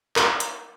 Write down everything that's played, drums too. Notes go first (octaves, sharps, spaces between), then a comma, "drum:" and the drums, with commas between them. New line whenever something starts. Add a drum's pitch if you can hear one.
A#4, drum: clap
drum: hi-hat